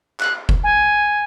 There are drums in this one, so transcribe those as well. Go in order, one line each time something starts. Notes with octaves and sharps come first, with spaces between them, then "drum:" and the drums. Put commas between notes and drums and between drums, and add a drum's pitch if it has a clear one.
F#6, drum: clap
drum: kick F1
G#5